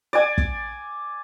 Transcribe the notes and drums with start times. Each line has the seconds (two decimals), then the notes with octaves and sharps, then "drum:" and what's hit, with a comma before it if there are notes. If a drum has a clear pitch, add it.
0.13 D5 G#5
0.38 drum: kick